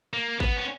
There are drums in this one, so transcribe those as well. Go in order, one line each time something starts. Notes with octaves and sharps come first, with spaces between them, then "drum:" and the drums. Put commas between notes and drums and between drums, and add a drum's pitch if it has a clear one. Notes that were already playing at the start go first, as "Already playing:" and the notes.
A#3
B3, drum: kick G#1
C#4